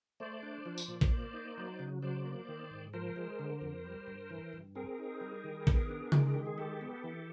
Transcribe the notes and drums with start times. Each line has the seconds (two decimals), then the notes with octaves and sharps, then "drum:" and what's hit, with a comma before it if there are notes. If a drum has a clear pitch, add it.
0.20 A3 C5 D5
0.43 D4
0.65 F3
0.78 drum: tambourine
0.88 A#2
1.01 drum: kick
1.11 A#3
1.34 D#4
1.57 F#3
1.79 C#3
2.02 F#3 C5 D5
2.25 A#3
2.48 D#3
2.71 G#2
2.94 F3 A#4 C5
3.16 G#3
3.39 D3
3.61 F2
3.84 G3
4.07 G2
4.30 E3
4.53 G2
4.75 C4 G#4 A#4
4.99 D#4
5.21 G3
5.44 D#3
5.67 B3, drum: kick
5.90 D4
6.12 G#3, drum: tom C#3
6.34 D#3 G4
6.46 G#4
6.58 G#3 G4 A4
6.81 B3
7.04 E3